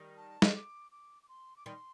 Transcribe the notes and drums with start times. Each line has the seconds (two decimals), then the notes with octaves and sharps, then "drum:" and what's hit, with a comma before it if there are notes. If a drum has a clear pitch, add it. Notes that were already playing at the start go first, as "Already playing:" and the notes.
Already playing: D#3 G3
0.17 A5
0.42 drum: snare
0.55 D6
0.92 D6
1.23 D6
1.29 C6
1.56 D6
1.66 D#3 G3 C6